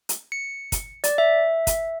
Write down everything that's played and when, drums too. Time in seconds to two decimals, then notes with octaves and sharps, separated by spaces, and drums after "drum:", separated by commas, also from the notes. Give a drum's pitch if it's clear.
0.09 drum: hi-hat
0.32 C#7
0.72 drum: kick, hi-hat
1.04 D5, drum: hi-hat
1.18 E5
1.67 drum: kick, hi-hat